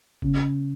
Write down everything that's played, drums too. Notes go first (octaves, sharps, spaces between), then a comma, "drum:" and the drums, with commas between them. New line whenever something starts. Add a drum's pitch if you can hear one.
C#3, drum: kick G1